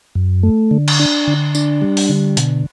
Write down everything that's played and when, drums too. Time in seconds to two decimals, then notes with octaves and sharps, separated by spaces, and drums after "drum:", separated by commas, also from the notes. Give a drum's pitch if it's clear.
0.15 F#2
0.43 A3
0.71 D3
0.88 drum: cymbal
0.99 D4
1.27 D3
1.55 D4, drum: tambourine
1.82 G3
1.97 drum: open hi-hat
2.09 D3
2.37 B2, drum: hi-hat